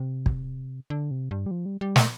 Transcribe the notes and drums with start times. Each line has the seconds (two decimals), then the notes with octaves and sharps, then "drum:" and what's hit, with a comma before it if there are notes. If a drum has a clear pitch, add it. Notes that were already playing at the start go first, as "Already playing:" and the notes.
Already playing: C3
0.26 drum: kick
0.90 D3
1.11 C3
1.31 G2
1.46 G3
1.51 F3
1.66 G3
1.81 G3
1.96 A3, drum: snare